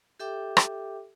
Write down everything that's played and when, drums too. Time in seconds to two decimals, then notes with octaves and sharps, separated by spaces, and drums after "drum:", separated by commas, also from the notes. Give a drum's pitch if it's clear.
0.20 G4 A4 E5 G5 D6
0.57 drum: rim click